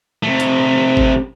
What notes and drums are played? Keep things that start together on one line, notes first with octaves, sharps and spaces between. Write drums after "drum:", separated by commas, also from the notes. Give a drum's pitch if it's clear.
C3 A3
drum: hi-hat
drum: kick G#1